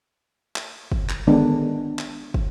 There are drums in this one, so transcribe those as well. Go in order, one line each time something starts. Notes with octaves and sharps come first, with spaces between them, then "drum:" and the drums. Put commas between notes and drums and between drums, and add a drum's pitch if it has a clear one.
drum: clap
drum: kick
drum: clap
D3 D#3 G#3 B3 D4
drum: clap
drum: kick